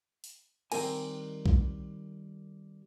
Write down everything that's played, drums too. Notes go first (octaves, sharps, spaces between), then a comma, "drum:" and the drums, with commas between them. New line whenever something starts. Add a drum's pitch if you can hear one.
drum: open hi-hat
D#3 G3 C4 A#4 G#5, drum: cymbal
drum: kick B1